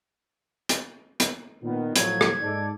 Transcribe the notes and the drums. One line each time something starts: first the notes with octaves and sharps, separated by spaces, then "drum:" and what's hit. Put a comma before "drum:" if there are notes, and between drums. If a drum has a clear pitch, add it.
drum: hi-hat
drum: hi-hat
A#2 D#3 B3
A2 F3 F#3 G#6, drum: hi-hat
drum: rim click
G#2 A4 D5